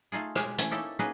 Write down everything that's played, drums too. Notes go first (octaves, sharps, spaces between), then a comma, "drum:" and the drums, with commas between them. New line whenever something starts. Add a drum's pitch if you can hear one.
A3 D#4 F4 G#4
B2 G#3 G4 G#4, drum: rim click
E3 A3 C#4, drum: hi-hat
A#3 C#4 D#4 E4 G4 A4
A#3 C#4 D#4 F#4 G#4 B4